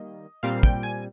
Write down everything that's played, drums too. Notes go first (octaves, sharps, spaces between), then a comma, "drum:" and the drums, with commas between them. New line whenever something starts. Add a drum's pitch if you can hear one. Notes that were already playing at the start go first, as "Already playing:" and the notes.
Already playing: D#3 G3 A#3 D#5
A#2 G3 C4 F5
G5, drum: kick
G#5